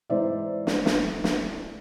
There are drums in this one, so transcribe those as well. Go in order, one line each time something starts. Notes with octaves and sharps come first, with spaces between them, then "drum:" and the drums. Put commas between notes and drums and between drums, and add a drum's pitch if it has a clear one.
G#2 E3 D#4 C5 D5 E5
drum: snare
drum: snare
drum: snare